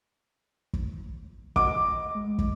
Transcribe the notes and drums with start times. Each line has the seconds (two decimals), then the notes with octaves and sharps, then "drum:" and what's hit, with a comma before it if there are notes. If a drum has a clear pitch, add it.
0.73 drum: kick
1.56 D#5 D6, drum: kick
2.15 G#3
2.38 drum: kick